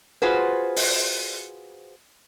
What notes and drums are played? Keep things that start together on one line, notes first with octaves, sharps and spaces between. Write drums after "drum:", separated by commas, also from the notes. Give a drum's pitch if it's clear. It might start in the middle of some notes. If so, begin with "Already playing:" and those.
F4 F#4 G#4 B4 C5
drum: open hi-hat